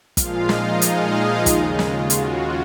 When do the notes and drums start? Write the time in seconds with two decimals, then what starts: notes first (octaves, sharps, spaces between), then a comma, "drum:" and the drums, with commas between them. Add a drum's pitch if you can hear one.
0.17 A#2 F3 G#3 F4 F5, drum: kick, hi-hat
0.49 D#4 D#5, drum: snare
0.82 G#3 G#4, drum: hi-hat
1.46 D#2 C#3 G#3, drum: kick, hi-hat
1.79 F4, drum: snare
2.10 F#4, drum: hi-hat